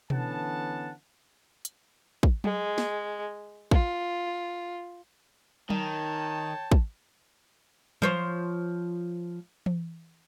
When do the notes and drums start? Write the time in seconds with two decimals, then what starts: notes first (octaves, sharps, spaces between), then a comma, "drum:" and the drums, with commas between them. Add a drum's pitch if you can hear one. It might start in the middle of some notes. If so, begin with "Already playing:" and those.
0.10 D3 E3 B3 C#4 F#5 A5, drum: tom B2
1.65 drum: hi-hat
2.23 drum: kick
2.44 G#3, drum: tom F#3
2.78 drum: snare
3.71 F4, drum: kick
5.70 D#3 C#5 G5 A5, drum: tom F#3
6.72 drum: kick
8.02 F3 C5 C#5, drum: tom F#3
9.66 drum: tom E3